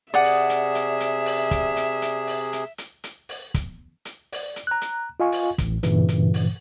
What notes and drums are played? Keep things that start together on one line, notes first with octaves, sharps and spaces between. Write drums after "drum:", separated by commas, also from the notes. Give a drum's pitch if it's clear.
C3 G#4 D5 E5 F#5 D#6
drum: open hi-hat
drum: hi-hat
drum: hi-hat
drum: hi-hat
drum: open hi-hat
drum: kick, hi-hat
drum: hi-hat
drum: hi-hat
drum: open hi-hat
drum: hi-hat
drum: hi-hat
drum: hi-hat
drum: open hi-hat
drum: kick, hi-hat
drum: hi-hat
D5, drum: open hi-hat
drum: hi-hat
A#5 F#6
drum: hi-hat
F4 D#5 F5 G#5 C#6
drum: open hi-hat
A1 A2, drum: kick, hi-hat
G2 A#2 C#3 E3, drum: hi-hat
drum: hi-hat
drum: open hi-hat